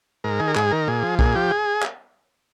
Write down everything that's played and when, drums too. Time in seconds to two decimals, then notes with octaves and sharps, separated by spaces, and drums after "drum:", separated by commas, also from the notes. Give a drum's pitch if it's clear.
0.24 G#2 A#4
0.40 D#3 G#4
0.48 A#4
0.56 G#2 G#4, drum: clap
0.71 D#3 A#4
0.87 A#2 G#4
1.03 F3
1.19 A#2 G#4, drum: kick B1
1.35 F3 G4
1.51 G#4
1.83 drum: clap